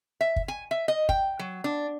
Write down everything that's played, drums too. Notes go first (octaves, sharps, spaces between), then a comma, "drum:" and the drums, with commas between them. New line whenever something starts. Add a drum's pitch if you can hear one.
E5
drum: kick
G#5
E5
D#5
G5, drum: kick
F#3
D4